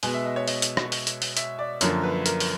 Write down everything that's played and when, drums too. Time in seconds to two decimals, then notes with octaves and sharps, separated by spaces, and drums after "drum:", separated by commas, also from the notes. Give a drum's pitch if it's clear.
0.03 B2 G#3 B3 G#5, drum: open hi-hat
0.14 E5
0.26 D#5
0.36 C#5
0.48 D#5, drum: open hi-hat
0.62 drum: hi-hat
0.77 drum: rim click
0.92 drum: open hi-hat
1.07 drum: hi-hat
1.22 drum: open hi-hat
1.37 E5, drum: hi-hat
1.59 D5
1.81 F#2 D3 F3 A#3 C#5, drum: hi-hat
2.03 B4
2.26 A#4, drum: hi-hat
2.40 drum: open hi-hat